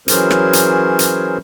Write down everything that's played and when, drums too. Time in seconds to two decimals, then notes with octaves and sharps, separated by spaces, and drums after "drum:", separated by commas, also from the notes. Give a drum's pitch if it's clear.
0.08 E3 F#3 C#4 G#4 A#4 C5, drum: hi-hat
0.30 drum: rim click
0.53 drum: hi-hat
0.99 drum: hi-hat